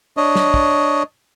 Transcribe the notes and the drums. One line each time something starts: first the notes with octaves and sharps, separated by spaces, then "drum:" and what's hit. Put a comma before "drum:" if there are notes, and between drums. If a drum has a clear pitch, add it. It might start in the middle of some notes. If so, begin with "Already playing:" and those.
D4 C#5 D#5
drum: snare
drum: kick